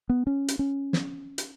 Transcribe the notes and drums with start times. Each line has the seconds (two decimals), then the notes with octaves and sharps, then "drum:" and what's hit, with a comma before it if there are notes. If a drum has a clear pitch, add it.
0.09 B3
0.27 C#4
0.48 drum: hi-hat
0.59 C#4
0.93 drum: snare
1.38 drum: hi-hat